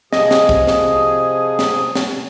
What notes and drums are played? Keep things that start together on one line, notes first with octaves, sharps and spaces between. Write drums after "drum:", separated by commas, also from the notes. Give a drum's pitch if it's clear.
C3 F3 G#4 D#5, drum: snare
drum: snare
drum: kick
drum: snare
drum: snare
drum: snare